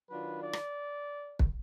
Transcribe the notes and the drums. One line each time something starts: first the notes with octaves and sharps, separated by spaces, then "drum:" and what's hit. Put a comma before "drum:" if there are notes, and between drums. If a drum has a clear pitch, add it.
D#3 F#3 D4 F4 B4
D5
drum: rim click
drum: kick